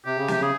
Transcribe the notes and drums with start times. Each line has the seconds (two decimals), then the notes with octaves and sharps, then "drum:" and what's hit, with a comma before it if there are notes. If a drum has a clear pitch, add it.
0.06 C3 G4
0.17 C#3
0.28 C3 G4, drum: snare
0.40 C#3 G#4